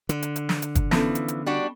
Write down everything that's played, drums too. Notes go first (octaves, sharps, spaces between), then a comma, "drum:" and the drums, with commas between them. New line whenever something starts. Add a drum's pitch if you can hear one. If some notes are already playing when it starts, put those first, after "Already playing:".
D3, drum: hi-hat
drum: hi-hat
drum: hi-hat
drum: snare
drum: hi-hat
drum: kick, hi-hat
E3 F3 B3 C#4 A4, drum: snare
drum: hi-hat
drum: hi-hat
G3 D4 F#4